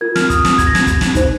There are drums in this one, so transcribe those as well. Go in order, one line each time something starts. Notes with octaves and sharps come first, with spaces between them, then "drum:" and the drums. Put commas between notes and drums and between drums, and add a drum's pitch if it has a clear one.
F4 A#4 G#6
F6, drum: snare
D#6, drum: kick, hi-hat
D#6, drum: snare
G#6, drum: kick, hi-hat
A#6
G#6, drum: snare
drum: kick, hi-hat
drum: snare
D#4 C5, drum: kick, hi-hat